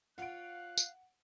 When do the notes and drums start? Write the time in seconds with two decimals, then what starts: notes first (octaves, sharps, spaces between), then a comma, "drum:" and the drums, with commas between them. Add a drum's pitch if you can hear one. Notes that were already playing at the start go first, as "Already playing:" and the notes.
0.18 F4 C#5 F5 F#5 F#6 D7
0.78 drum: tambourine